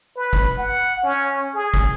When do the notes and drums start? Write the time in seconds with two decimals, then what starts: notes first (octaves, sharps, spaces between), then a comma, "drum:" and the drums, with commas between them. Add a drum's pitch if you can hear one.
0.16 B4
0.33 drum: kick
0.58 F#5
1.03 C#4
1.54 G#4
1.74 drum: kick